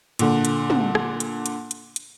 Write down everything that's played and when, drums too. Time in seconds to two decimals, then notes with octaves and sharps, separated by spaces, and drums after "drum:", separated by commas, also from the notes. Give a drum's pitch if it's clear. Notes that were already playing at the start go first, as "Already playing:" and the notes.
0.19 A#2 D3, drum: hi-hat
0.45 drum: hi-hat
0.70 drum: tom
0.95 drum: rim click
1.20 drum: hi-hat
1.46 drum: hi-hat
1.71 drum: hi-hat
1.96 drum: hi-hat